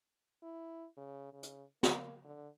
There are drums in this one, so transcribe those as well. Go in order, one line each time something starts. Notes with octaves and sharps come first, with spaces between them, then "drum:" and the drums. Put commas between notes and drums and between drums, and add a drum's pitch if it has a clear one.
E4
C#3
C#3
drum: hi-hat
A#3, drum: snare
D3